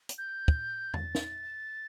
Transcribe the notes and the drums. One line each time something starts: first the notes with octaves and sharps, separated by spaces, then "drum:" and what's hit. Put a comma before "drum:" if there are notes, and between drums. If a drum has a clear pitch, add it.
drum: hi-hat
G6
drum: kick
A6, drum: tom E2
drum: snare